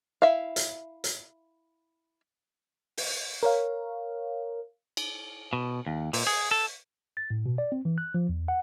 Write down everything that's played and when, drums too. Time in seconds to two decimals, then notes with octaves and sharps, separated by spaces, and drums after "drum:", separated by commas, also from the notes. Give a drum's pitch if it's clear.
0.22 E4 E5 F5
0.56 drum: hi-hat
1.04 drum: hi-hat
2.97 drum: open hi-hat
3.43 A#4 C#5 F5
4.97 drum: cymbal
5.53 B2
5.86 D#2
6.13 A#2, drum: open hi-hat
6.27 G#4
6.51 A4
7.17 A6
7.31 A2
7.46 B2
7.58 D5
7.72 C4
7.85 E3
7.98 F#6
8.14 F3
8.29 E2
8.48 F#5